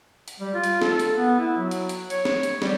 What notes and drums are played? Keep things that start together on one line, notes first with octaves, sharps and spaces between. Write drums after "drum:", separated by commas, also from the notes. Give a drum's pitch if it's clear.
drum: hi-hat
G3
F4
drum: hi-hat
A4, drum: snare
drum: hi-hat
B3
E4
F#3
drum: hi-hat
drum: hi-hat
C#5, drum: hi-hat
drum: snare
drum: hi-hat
G3, drum: snare